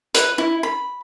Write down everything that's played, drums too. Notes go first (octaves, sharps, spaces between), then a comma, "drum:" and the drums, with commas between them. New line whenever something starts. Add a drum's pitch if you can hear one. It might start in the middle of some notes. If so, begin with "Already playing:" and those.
B4, drum: hi-hat
E4
B5